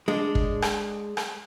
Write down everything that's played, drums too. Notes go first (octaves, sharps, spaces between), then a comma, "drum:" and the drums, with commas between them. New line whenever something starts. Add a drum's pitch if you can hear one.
G#3 D4
drum: kick
drum: rim click
drum: rim click